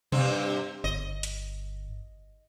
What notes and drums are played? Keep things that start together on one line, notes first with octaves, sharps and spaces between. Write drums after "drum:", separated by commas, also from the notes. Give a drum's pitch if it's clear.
G2 C3 C4, drum: tom B2
G1 D#5
drum: hi-hat